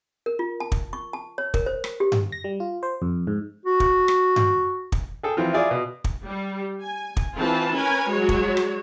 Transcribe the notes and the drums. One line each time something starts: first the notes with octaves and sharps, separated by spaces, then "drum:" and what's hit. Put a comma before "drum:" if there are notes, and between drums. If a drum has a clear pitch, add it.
A#4
F4
A5
drum: kick
C#6
A5
C#5
A#4, drum: kick
C5
drum: rim click
G4
drum: tom G2
A#6
G3
F4
C5
F2
G#2
F#4
drum: kick
drum: rim click
drum: tom G2
drum: kick
G#4 A4 G5
E3 F3 C4 F4
E4 F4 G#4 D5
B2
drum: kick
G3
G#5
drum: kick
E3 C4 F4 A5
C#4 A#4 B4 G#5
F#3 G#3 F#4 C#5
drum: kick
drum: rim click